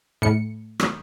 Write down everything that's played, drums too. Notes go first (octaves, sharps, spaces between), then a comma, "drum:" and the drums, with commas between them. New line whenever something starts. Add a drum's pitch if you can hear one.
A2 C#7
drum: rim click